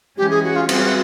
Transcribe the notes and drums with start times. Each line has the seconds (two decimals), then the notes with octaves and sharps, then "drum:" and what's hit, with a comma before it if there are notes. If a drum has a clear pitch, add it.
0.17 E3 G#3 C#4 G4
0.31 G#4
0.44 F#4
0.56 F4
0.69 G3 C4 F4 F#4 G#4 B4, drum: cymbal
0.82 F#4